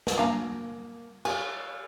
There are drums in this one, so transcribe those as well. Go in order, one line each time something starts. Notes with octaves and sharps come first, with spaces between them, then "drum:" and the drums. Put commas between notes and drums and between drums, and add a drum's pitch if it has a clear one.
drum: snare
A#3 D4 F5 G#5 A#5
G4 C#5 F5 G#5, drum: cymbal